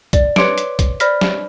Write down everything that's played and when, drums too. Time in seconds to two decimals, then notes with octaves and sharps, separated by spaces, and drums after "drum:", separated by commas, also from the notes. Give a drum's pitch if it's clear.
0.13 D5, drum: kick, hi-hat
0.36 B4 C#5 C6 D6 C#7 D7, drum: snare
0.58 drum: hi-hat
0.79 drum: kick, hi-hat
1.00 C5 D5 B5 F6 A#6 B6, drum: hi-hat
1.21 drum: snare